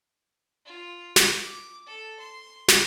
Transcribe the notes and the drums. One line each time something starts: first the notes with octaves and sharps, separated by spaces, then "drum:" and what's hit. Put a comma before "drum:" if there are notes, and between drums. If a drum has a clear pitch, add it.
F4
drum: snare
D6
A4
C6
drum: snare